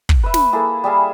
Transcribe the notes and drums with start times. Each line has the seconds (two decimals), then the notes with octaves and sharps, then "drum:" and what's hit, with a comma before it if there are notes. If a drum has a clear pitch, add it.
0.09 drum: kick
0.23 B4 E5
0.34 drum: snare
0.53 A#3 E4 G#4 A4
0.84 G3 G#4 E5 F5